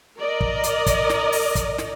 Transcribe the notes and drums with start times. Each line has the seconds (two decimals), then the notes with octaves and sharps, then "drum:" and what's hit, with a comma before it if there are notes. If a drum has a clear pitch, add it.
0.18 A#4 D5 D#5
0.41 drum: kick
0.63 drum: hi-hat
0.86 drum: kick, hi-hat
1.09 drum: snare
1.32 drum: open hi-hat
1.55 drum: kick, hi-hat
1.78 drum: snare